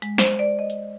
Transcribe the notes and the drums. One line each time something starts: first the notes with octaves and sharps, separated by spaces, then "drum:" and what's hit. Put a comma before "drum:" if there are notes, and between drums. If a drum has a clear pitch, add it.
G#3, drum: hi-hat
C5, drum: snare
D5
D#5
drum: hi-hat